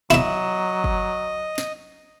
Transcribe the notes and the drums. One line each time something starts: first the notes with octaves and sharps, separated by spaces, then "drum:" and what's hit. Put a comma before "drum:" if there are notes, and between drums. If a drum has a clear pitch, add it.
F#3 E4 D#5 E5, drum: snare
drum: kick
drum: snare